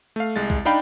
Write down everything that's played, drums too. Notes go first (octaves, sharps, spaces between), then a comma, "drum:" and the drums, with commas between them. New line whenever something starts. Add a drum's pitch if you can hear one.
A3 F5
C2 G#3 A6
drum: kick B1
D4 D#4 D5 F5 G5 B5